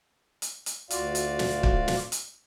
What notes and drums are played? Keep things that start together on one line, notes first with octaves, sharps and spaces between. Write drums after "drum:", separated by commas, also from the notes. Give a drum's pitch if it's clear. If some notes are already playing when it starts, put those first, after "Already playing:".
drum: hi-hat
drum: hi-hat
D2 F4 F#4 D5 F5, drum: hi-hat
drum: hi-hat
drum: snare
drum: kick
drum: snare
drum: hi-hat